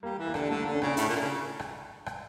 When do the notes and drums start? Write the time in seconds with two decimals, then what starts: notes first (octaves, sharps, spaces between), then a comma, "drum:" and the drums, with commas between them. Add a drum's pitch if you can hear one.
0.03 G3 A#3
0.19 E3
0.27 A#3
0.34 D3, drum: rim click
0.40 G3
0.50 D3 A3
0.62 A#3
0.66 D3
0.74 C#4
0.82 C#3 D4, drum: rim click
0.97 A2 E4, drum: hi-hat
1.09 A#2
1.15 D3
1.20 C#3
1.59 drum: rim click
2.06 drum: rim click